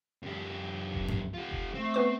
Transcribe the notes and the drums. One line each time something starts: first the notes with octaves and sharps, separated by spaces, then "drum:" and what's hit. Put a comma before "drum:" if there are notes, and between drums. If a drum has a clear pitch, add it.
F#2 G4
drum: kick F1
drum: tom G2
F4 G4
drum: kick F1
A3 C4
B3 B4 C#6